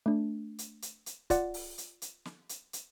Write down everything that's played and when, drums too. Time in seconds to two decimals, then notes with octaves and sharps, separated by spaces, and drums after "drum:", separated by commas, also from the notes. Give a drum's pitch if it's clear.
0.06 A3 D4
0.59 drum: hi-hat
0.82 drum: hi-hat
1.06 drum: hi-hat
1.30 F4 D5 F#5, drum: kick C#1, hi-hat
1.54 drum: open hi-hat
1.78 drum: hi-hat
2.02 drum: hi-hat
2.25 drum: snare
2.49 drum: hi-hat
2.73 drum: hi-hat